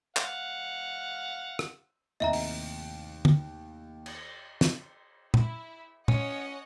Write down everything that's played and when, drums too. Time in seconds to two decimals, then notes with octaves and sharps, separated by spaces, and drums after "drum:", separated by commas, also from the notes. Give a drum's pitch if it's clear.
0.16 F5 F#5, drum: clap
1.59 drum: rim click
2.20 D#2 A2 C3 D#5 E5 A#5
2.33 drum: open hi-hat
3.25 drum: tom
4.06 drum: cymbal
4.61 drum: snare
5.34 E4, drum: tom
6.08 C#4 C#5 D#5 F#5, drum: tom